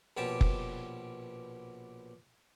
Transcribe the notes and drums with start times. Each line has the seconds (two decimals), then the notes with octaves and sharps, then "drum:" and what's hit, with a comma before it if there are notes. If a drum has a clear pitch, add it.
0.17 A#1 B2 C#4 G4 A5 D6
0.41 drum: kick F#1